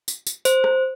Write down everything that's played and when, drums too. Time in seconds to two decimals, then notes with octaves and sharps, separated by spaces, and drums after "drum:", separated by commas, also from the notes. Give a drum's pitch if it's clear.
0.08 drum: tambourine
0.27 drum: tambourine
0.45 C5, drum: tambourine
0.64 drum: rim click